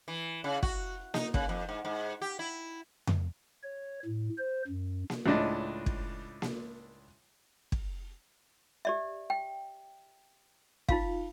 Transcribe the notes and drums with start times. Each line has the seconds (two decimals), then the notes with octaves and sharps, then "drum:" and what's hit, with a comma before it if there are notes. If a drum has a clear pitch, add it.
0.08 E3
0.44 C#3
0.63 F#4, drum: kick
1.14 D#4, drum: snare A#3
1.34 C#3, drum: kick
1.49 F2
1.69 G#2
1.85 G#2
2.21 G4
2.39 E4
3.07 drum: tom F2
3.63 C#5
4.05 A2
4.38 C5
4.68 F#2
5.10 drum: snare A#3
5.26 C#2 A2 D4 D#5
5.86 drum: kick
6.42 drum: snare A#3
7.72 drum: kick
8.85 G4 D5 E5
9.30 G5
10.89 D#4 F4 F5, drum: kick